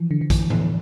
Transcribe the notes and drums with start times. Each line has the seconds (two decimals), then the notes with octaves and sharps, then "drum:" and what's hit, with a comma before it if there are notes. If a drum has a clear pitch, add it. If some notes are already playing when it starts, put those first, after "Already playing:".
Already playing: E3 F3
0.11 D3
0.21 D3
0.30 E3, drum: kick A#1, hi-hat
0.50 E3, drum: tom A2